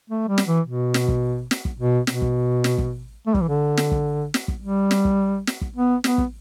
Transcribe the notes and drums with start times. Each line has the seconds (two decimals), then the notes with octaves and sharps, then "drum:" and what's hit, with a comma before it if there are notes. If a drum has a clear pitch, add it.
0.10 A3
0.28 G3
0.38 drum: snare
0.47 E3
0.66 B2
0.94 drum: snare
1.08 drum: kick
1.51 drum: snare
1.65 drum: kick
1.80 B2
2.07 B2, drum: snare
2.22 drum: kick
2.64 drum: snare
2.78 drum: kick
3.26 A3
3.34 G3, drum: kick
3.41 E3
3.49 D3
3.77 drum: snare
3.92 drum: kick
4.34 drum: snare
4.48 drum: kick
4.62 G3
4.91 drum: snare
5.05 drum: kick
5.47 drum: snare
5.61 drum: kick
5.76 B3
6.04 B3, drum: snare
6.18 drum: kick